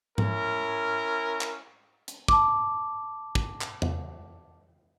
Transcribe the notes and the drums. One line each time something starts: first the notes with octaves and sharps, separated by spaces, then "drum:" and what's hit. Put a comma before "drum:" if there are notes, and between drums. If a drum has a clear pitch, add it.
C#4 E4 A#4, drum: tom G#2
drum: clap
drum: hi-hat
A5 D6, drum: kick
drum: kick
drum: clap
drum: tom E2